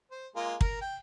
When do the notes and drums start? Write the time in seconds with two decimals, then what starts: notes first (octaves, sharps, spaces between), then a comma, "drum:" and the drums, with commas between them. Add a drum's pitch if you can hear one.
0.11 C5
0.36 G#3 A#3 F4
0.61 A#4, drum: kick
0.81 G5